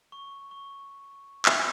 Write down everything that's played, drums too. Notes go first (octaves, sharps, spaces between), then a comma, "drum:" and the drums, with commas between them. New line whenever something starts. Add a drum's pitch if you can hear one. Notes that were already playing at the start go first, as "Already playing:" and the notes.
C#6
C#6
drum: clap